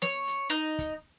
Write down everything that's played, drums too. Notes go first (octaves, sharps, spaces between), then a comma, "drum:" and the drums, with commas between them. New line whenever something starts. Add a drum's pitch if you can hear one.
C#5, drum: snare
drum: hi-hat
D#4
drum: kick, hi-hat